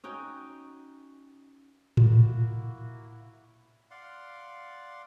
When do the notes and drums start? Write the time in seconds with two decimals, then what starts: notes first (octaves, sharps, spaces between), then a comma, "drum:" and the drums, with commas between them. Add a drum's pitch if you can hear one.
0.04 C#4 D#4 F#4 G5
1.97 A#3 E4 F#4, drum: tom A2
3.91 D5 F5 F#5 C6